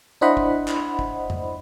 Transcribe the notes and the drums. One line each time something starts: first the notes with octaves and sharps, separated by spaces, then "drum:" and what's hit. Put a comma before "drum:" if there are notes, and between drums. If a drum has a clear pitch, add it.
D4 E4 C5 D#5 F#5 B5
drum: kick
drum: clap
drum: kick
drum: tom F2